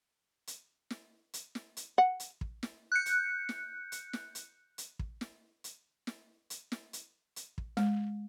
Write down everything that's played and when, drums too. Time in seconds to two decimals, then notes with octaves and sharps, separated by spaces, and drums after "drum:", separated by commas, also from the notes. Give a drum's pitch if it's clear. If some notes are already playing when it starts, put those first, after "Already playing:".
0.47 drum: hi-hat
0.90 drum: snare
1.34 drum: hi-hat
1.55 drum: snare
1.77 drum: hi-hat
1.98 F#5
2.20 drum: hi-hat
2.41 drum: kick
2.63 drum: snare
2.92 F#6 G6 C#7
3.06 drum: hi-hat
3.49 drum: snare
3.92 drum: hi-hat
4.13 drum: snare
4.35 drum: hi-hat
4.78 drum: hi-hat
4.99 drum: kick
5.21 drum: snare
5.64 drum: hi-hat
6.07 drum: snare
6.50 drum: hi-hat
6.72 drum: snare
6.93 drum: hi-hat
7.36 drum: hi-hat
7.58 drum: kick
7.77 G#3, drum: snare